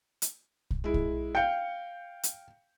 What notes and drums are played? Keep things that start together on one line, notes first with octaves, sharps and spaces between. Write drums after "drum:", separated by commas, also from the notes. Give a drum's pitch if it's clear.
drum: hi-hat
drum: kick
G#3 E4
drum: kick
F5 G5 G6 C#7
drum: hi-hat